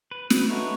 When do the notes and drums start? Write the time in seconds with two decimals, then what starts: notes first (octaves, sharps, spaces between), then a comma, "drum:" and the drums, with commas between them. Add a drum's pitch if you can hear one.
0.11 B4
0.30 B4, drum: snare
0.48 A3 D#4 F#4 B4 C#5